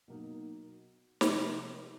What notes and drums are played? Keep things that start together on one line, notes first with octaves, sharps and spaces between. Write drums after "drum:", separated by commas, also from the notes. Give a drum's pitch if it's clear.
B2 F#3 A#3 D#4
C3 F3 G#3, drum: snare